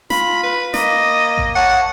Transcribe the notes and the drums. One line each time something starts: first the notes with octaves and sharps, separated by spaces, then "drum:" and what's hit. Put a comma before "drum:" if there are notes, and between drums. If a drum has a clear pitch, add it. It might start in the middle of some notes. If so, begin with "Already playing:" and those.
F4 B5, drum: snare
B4
A#3 D#5, drum: snare
drum: kick A1
C#5 F#5 A5